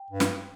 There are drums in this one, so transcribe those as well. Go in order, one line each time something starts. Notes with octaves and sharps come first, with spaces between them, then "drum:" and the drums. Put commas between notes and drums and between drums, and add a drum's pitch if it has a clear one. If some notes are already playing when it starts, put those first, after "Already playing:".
Already playing: G5
G2
drum: snare